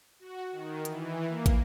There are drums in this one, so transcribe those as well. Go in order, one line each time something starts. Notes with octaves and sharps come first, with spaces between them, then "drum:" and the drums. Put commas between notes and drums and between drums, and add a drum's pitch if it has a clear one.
F#4
D#3
E3, drum: hi-hat
A#3
drum: kick, hi-hat